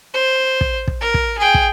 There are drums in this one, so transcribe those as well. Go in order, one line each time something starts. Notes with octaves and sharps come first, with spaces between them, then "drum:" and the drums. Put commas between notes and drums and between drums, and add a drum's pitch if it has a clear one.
C5
drum: kick
drum: kick
A#4
drum: kick
G#4 G5
drum: kick